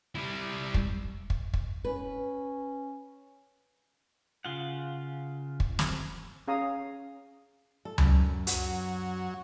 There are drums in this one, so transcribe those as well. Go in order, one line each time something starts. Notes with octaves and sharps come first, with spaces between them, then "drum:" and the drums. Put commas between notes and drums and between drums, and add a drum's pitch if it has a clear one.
G3 E4
drum: kick
drum: kick
drum: kick
C#4 B4
C#3 F4 F#5
drum: kick
drum: snare
C#4 G#4 F5 A#5 D#6
A4
F#2, drum: tom C#2
F#3, drum: hi-hat